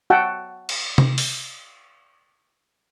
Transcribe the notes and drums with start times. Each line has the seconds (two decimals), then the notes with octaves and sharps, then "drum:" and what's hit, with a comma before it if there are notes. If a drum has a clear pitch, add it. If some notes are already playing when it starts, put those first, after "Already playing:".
0.10 F#4 E5 F#5 G5 A5
0.69 drum: cymbal
0.98 drum: tom C3
1.18 drum: open hi-hat